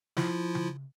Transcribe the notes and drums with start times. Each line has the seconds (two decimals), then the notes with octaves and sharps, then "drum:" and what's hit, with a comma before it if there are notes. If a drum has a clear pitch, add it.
0.17 F3 E4 F4, drum: snare
0.55 drum: tom C#3